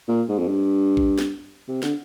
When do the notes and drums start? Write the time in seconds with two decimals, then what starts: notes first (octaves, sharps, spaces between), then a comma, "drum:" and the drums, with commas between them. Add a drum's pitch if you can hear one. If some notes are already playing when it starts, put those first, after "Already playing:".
0.08 A#2
0.29 G#2
0.38 F2
0.47 G2
0.97 drum: kick A1
1.18 drum: snare
1.68 C3
1.83 D3, drum: snare